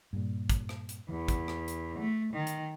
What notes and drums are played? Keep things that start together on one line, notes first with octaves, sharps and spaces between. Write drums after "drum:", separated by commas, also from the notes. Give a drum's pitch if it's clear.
G2 A#2
drum: kick, hi-hat
drum: rim click
drum: hi-hat
E2 E3
drum: kick, hi-hat
drum: rim click
drum: hi-hat
A3
D#3
drum: hi-hat